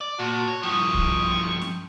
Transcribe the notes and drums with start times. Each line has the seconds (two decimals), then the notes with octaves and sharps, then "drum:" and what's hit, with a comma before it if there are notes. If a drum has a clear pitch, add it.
0.01 D5
0.19 A#2 F#4 A5
0.48 C#5
0.63 G2 F3 G5 C#6 D#6
0.95 drum: kick
1.61 drum: snare C#4